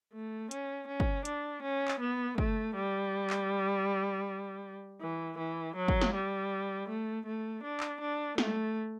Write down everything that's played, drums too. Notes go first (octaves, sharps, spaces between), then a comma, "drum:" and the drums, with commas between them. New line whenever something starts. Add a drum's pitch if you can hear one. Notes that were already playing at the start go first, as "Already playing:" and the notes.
A3
C#4, drum: hi-hat
C#4
drum: kick
D4, drum: hi-hat
C#4
drum: clap
B3
A3, drum: kick
G3
drum: clap
E3
E3
F#3
drum: kick
drum: snare
G3
A3
A3
D4
drum: clap
D4
A3, drum: snare